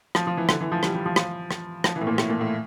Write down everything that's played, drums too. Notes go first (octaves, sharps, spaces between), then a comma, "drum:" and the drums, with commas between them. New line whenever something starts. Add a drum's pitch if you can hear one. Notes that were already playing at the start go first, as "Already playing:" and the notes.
F3, drum: rim click
F3
E3
D3, drum: rim click
E3
F3
G3, drum: rim click
G3
F3
F3, drum: rim click
drum: rim click
F3, drum: rim click
E3
A2
A#2
A2, drum: rim click
A#2
A2